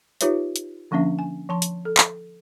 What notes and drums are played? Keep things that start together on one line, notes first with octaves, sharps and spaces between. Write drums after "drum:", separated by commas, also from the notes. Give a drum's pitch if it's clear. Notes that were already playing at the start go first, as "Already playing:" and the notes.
D#4 F4 G4 B4 C#5 E5, drum: hi-hat
drum: hi-hat
D3 F3 A#3 C#4 D4 E5
G#5
F3 A5 C6
drum: hi-hat
A4
drum: clap